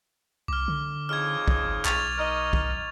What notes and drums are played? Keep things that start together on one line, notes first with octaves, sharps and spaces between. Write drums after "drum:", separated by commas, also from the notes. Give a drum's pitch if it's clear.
C2 D6 F6
D3
F2 C#3 D#4 F6 G#6
drum: kick
G#1
B1 C#6 A6 F7, drum: clap
D#4 A#4 D#5
drum: kick